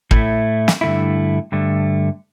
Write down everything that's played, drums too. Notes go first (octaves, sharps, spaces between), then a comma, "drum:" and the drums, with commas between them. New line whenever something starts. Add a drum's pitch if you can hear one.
A2 A3 E4, drum: kick
drum: snare
G2 D3 A3 E4
G2 D3 A3